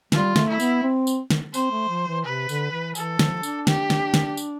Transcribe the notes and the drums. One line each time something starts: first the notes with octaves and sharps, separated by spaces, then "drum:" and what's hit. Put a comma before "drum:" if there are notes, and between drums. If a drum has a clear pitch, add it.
G3 F4, drum: snare
A3, drum: snare
E4
B3, drum: tambourine
C4
drum: tambourine
drum: snare
C4 C5, drum: tambourine
A3
F3
E3
C3 B4
D3, drum: tambourine
E3
E3 A4, drum: tambourine
F3, drum: snare
D4, drum: tambourine
G4, drum: snare
drum: snare
drum: snare
drum: tambourine